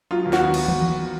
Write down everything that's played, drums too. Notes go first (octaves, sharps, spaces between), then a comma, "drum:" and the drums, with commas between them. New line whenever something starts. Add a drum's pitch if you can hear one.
F#3 F4
D#2
F#4, drum: snare
B3
drum: cymbal
drum: tom D#3